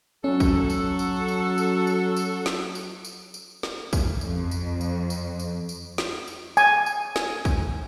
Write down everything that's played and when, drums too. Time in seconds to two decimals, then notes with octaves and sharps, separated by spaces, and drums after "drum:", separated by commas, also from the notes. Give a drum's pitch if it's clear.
0.24 F#3 C#4 F#4 A4
0.40 drum: kick, tambourine
0.70 drum: tambourine
0.99 drum: tambourine
1.28 drum: tambourine
1.58 drum: tambourine
1.87 drum: tambourine
2.17 drum: tambourine
2.46 drum: snare
2.75 drum: tambourine
3.05 drum: tambourine
3.34 drum: tambourine
3.63 drum: snare
3.93 drum: kick, tambourine
4.21 F2, drum: tambourine
4.51 drum: tambourine
4.81 drum: tambourine
5.10 drum: tambourine
5.40 drum: tambourine
5.69 drum: tambourine
5.98 drum: snare
6.28 drum: tambourine
6.57 G#5, drum: tambourine
6.86 drum: tambourine
7.16 drum: snare
7.45 drum: kick, tambourine